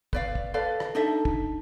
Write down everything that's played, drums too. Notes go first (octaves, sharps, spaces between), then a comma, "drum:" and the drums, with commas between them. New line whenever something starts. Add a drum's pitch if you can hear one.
B4 D5 F5, drum: kick
drum: kick
A4 B4 D5 F5
drum: rim click
D4 D#4 A4 E5
drum: kick